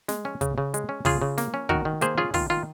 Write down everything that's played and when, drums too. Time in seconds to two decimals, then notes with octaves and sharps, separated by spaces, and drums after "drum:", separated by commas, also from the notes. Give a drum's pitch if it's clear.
0.08 G#3, drum: snare
0.25 C#4
0.41 C#3, drum: kick, hi-hat
0.58 C#3
0.74 G#3, drum: hi-hat
0.89 C#4
1.05 C#3 F4 G#4, drum: kick, open hi-hat
1.22 C#3
1.38 A#3, drum: snare
1.54 C#4
1.69 D#3 F#4 A#4, drum: kick
1.85 D#3
2.01 A#3 G#4 C5, drum: hi-hat
2.18 C#4 F4 G#4
2.34 D#3 F4, drum: kick, open hi-hat
2.50 D#3 F4